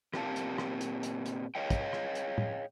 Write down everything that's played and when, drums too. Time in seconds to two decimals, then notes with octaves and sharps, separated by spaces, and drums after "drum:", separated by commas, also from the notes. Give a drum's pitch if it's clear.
0.14 A#2 C4 G4 A#4 F5 A5, drum: rim click
0.36 drum: hi-hat
0.58 drum: rim click
0.81 drum: hi-hat
1.03 drum: hi-hat
1.26 drum: hi-hat
1.55 G#4 C#5 D#5 F5 G5
1.70 drum: kick, hi-hat
1.93 drum: rim click
2.15 drum: hi-hat
2.38 drum: tom A2